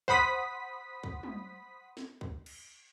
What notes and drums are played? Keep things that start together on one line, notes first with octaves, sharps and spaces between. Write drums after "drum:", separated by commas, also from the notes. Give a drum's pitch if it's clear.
C5 F#5 B5 D#6 B6, drum: kick
drum: kick
drum: tom
drum: snare
drum: kick
drum: cymbal